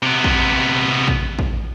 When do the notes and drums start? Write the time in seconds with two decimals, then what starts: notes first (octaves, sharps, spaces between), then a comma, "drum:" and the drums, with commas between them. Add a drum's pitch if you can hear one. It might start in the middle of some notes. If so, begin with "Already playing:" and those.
0.02 C3 B3
0.24 drum: kick
1.08 drum: kick
1.39 drum: kick